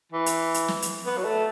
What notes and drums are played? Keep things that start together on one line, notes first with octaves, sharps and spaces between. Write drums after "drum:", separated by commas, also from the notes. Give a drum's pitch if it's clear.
E3
drum: hi-hat
drum: hi-hat
drum: snare
drum: hi-hat
B3
F#3
A3